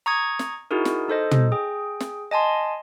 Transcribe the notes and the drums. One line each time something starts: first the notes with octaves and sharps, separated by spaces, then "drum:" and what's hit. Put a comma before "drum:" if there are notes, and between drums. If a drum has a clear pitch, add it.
A#5 C#6 D#6 G#6
drum: snare
D#4 E4 F#4 G#4 A#4
drum: snare
D#4 A4 C5 D#5
drum: tom
G#4 G5
drum: snare
D#5 G#5 A5 C6